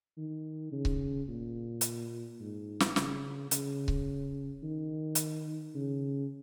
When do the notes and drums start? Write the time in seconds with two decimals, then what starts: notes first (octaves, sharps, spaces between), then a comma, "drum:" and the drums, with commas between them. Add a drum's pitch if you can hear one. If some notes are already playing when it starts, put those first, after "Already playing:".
0.18 D#3
0.72 C#3
0.85 drum: kick C#1
1.29 A#2
1.81 drum: hi-hat
2.40 G#2
2.80 drum: snare
2.96 C#3, drum: snare
3.51 C#3, drum: hi-hat
3.88 drum: kick C#1
4.63 D#3
5.15 drum: hi-hat
5.75 C#3